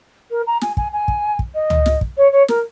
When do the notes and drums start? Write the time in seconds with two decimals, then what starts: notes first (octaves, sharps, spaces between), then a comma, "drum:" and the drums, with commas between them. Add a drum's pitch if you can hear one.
0.30 A#4
0.46 A#5
0.61 G#5, drum: snare
0.77 G#5, drum: kick
0.93 G#5
1.08 drum: kick
1.39 drum: kick
1.54 D#5
1.70 drum: tom C#2
1.86 drum: snare
2.01 drum: kick
2.17 C#5
2.32 C#5
2.48 A#4, drum: snare